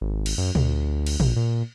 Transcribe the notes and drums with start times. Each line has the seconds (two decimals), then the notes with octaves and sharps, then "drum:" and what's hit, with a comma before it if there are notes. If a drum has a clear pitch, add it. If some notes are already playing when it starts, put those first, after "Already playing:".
0.01 G#1
0.26 drum: cymbal
0.38 F#2
0.55 D2, drum: tom A#2
1.07 drum: cymbal
1.20 A#1, drum: tom A#2
1.36 A#2